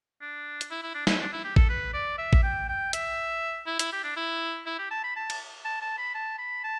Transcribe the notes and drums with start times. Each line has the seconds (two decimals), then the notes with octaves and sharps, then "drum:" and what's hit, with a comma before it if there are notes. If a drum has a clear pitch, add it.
0.21 D4
0.61 drum: hi-hat
0.70 E4
0.83 E4
0.95 D4
1.07 E4, drum: snare
1.20 D4
1.32 E4
1.44 G4
1.56 A4, drum: kick A1
1.69 B4
1.93 D5
2.18 E5
2.33 drum: kick A1
2.43 G5
2.69 G5
2.93 E5, drum: hi-hat
3.66 E4
3.79 E4, drum: hi-hat
3.92 G4
4.04 D4
4.16 E4
4.66 E4
4.79 G4
4.91 A5
5.04 B5
5.16 A5
5.30 drum: cymbal
5.65 A5
5.82 A5
5.98 B5
6.15 A5
6.38 B5
6.64 A5